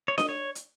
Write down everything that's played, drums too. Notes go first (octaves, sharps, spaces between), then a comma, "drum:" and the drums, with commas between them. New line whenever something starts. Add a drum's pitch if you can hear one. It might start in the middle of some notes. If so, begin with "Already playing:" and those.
C#5
D#5, drum: snare D4
C#5
drum: hi-hat